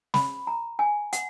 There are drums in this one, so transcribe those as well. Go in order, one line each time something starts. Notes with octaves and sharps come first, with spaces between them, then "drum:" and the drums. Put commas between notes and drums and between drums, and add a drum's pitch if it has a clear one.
B5, drum: snare
A#5
G#5
F#5, drum: hi-hat